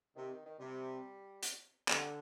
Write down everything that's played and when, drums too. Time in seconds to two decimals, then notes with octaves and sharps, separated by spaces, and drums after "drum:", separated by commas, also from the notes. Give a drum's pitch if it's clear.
0.16 C3 D#3
0.31 D#3
0.46 D#3
0.59 C3 G3
1.43 drum: hi-hat
1.88 D3 G3, drum: clap